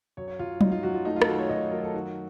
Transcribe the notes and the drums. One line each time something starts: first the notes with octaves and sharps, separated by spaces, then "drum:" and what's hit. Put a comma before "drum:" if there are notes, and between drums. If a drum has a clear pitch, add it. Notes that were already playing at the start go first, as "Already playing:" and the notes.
F#2 C#5
C#5
F#2 F4
F#2 D#4, drum: tom F#3
F4
F#2 F#4
F4
A3 D#4
F4
A4, drum: rim click
D#3 F#4
C#5
F#2 D#5
C#5
F#3 A#4
A4
D#3 F#4